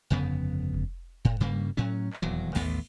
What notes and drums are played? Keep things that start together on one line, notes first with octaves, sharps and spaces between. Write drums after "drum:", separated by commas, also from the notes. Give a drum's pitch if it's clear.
G1 F2 C#3 B3
drum: kick F1
A2, drum: kick F1
G2 C#3 G3 A#3
A2 F#3 C#4
drum: clap
D#1 E2 F#3
A1 D#2 A3 B3, drum: cymbal